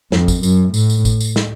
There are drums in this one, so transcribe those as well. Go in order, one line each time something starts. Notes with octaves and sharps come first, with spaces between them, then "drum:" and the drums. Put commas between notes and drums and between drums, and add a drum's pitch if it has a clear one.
F2, drum: snare
drum: kick G#1, tambourine
F#2, drum: tambourine
A2, drum: tambourine
drum: tambourine
drum: kick G#1, tambourine
drum: tambourine
drum: snare